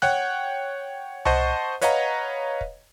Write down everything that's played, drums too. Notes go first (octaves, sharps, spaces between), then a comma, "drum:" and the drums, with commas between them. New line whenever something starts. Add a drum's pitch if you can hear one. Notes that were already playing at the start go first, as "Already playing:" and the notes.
C#5 F#5 G5 F#6, drum: snare
C5 D#5 F#5 A5 C#6, drum: tom C2
B4 C#5 D#5 F5 F#5 A#5, drum: hi-hat
drum: kick